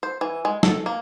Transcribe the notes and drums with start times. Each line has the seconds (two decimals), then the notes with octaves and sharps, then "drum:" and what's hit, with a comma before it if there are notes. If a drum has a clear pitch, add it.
0.03 C5
0.21 E3
0.45 G#3
0.63 A4, drum: snare
0.86 A#3